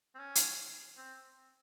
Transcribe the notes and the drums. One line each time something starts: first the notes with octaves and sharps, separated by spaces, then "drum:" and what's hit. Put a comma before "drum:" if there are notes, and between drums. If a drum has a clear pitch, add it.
C4
C#4
drum: hi-hat
C4